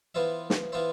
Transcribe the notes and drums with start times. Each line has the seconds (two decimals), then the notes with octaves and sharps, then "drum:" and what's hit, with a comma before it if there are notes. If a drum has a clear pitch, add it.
0.15 E3 B3 F4 C5 E5
0.50 drum: snare
0.72 E3 B3 F4 C5 E5